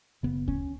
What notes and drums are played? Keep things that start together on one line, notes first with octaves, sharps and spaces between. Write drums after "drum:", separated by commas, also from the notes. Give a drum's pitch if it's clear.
F#1 F#2 C#3 B3
C#4, drum: kick D2